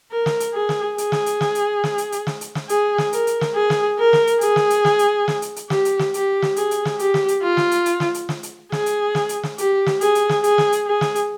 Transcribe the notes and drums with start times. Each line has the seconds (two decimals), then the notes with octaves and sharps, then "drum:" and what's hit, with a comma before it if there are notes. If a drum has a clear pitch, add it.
0.11 A#4
0.26 drum: snare
0.40 drum: hi-hat
0.54 G#4
0.69 drum: snare
0.98 G#4, drum: hi-hat
1.12 drum: snare
1.26 drum: hi-hat
1.41 drum: snare
1.55 drum: hi-hat
1.84 drum: snare
1.98 drum: hi-hat
2.12 drum: hi-hat
2.27 drum: snare
2.41 drum: hi-hat
2.55 drum: snare
2.69 G#4, drum: hi-hat
2.98 drum: snare
3.13 A#4, drum: hi-hat
3.27 drum: hi-hat
3.41 drum: snare
3.55 G#4
3.70 drum: snare
3.99 A#4
4.13 drum: snare
4.27 drum: hi-hat
4.41 G#4, drum: hi-hat
4.56 drum: snare
4.70 drum: hi-hat
4.85 drum: snare
4.99 drum: hi-hat
5.28 drum: snare
5.42 drum: hi-hat
5.56 drum: hi-hat
5.70 G4, drum: snare
5.85 drum: hi-hat
5.99 drum: snare
6.14 G4, drum: hi-hat
6.42 drum: snare
6.56 G#4, drum: hi-hat
6.71 drum: hi-hat
6.85 drum: snare
6.99 G4, drum: hi-hat
7.14 drum: snare
7.28 drum: hi-hat
7.43 F4
7.57 drum: snare
7.71 drum: hi-hat
7.86 drum: hi-hat
8.00 drum: snare
8.14 drum: hi-hat
8.29 drum: snare
8.43 drum: hi-hat
8.72 G#4, drum: snare
8.86 drum: hi-hat
9.15 drum: snare
9.29 drum: hi-hat
9.43 drum: snare
9.58 G4, drum: hi-hat
9.86 drum: snare
10.01 G#4, drum: hi-hat
10.15 drum: hi-hat
10.29 drum: snare
10.44 G#4, drum: hi-hat
10.58 drum: snare
10.72 drum: hi-hat
10.87 G#4
11.01 drum: snare
11.15 drum: hi-hat